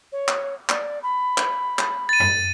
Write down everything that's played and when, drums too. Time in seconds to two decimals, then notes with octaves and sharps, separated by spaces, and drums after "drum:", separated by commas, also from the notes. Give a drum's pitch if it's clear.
0.12 C#5
0.28 drum: clap
0.69 D5, drum: clap
1.03 B5
1.38 drum: clap
1.79 drum: clap
2.09 A6 D#7
2.20 drum: tom F#2